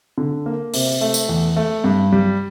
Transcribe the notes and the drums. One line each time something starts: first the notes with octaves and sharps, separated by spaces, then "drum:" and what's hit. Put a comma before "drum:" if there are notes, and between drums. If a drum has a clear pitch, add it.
D3
A#3
C3, drum: open hi-hat
A3
drum: tambourine
E2
A3
G2
G3